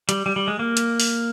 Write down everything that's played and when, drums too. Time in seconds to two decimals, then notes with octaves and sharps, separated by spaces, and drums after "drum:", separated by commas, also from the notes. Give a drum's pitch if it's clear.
0.09 G3, drum: hi-hat
0.26 G3
0.36 G3
0.48 G#3
0.59 A#3
0.77 drum: hi-hat
1.00 drum: open hi-hat